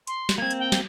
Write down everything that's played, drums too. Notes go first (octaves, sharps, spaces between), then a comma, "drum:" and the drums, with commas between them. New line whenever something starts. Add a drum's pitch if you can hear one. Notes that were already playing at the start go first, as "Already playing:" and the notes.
C6, drum: hi-hat
drum: snare
A#3 C4 G#6
drum: hi-hat
G5
drum: snare